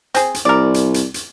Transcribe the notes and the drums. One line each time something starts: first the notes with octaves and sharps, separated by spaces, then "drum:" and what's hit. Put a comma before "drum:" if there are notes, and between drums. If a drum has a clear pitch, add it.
C4 G#4, drum: hi-hat
drum: hi-hat
C2 A#4 D5
drum: hi-hat
drum: hi-hat
drum: hi-hat